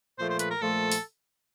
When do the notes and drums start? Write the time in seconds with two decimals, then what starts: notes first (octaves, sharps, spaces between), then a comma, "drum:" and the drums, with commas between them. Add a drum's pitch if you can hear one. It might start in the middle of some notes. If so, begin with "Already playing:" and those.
0.19 A#2 F3 A3 C5
0.30 C5
0.39 B4, drum: hi-hat
0.50 A#4
0.61 A#2 F3 A3 A4
0.92 drum: open hi-hat